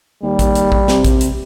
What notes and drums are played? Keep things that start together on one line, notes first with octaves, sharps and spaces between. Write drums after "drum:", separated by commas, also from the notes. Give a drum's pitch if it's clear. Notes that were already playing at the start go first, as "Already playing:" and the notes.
D#2 G3
drum: kick A1, hi-hat
drum: hi-hat
drum: kick A1
C3, drum: snare
drum: kick A1, hi-hat
drum: hi-hat